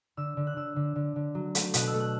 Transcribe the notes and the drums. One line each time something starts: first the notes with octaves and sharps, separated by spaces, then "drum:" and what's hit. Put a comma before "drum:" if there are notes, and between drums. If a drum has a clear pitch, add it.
D3 E6
D3
F#6
D3 E6
D3
D3
D3
F#3
A3, drum: hi-hat
B2 F#6, drum: hi-hat
E6
A3
F#6